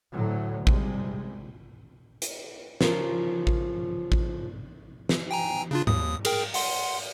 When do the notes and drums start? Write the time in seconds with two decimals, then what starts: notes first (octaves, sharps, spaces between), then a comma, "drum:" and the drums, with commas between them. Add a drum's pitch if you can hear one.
0.13 D2 A2 F#3
0.67 C3 G3 G#3, drum: kick A1
2.22 drum: hi-hat
2.81 C#3 F3 F4 A#4, drum: snare
3.47 drum: kick A1
4.12 drum: kick A1
5.09 drum: snare
5.31 G5 G#5 A#5
5.71 C#3 D4 F4
5.87 D#2 D#6, drum: tom G#2
6.25 G#4 A#4 G5, drum: cymbal
6.54 F#5 C6, drum: open hi-hat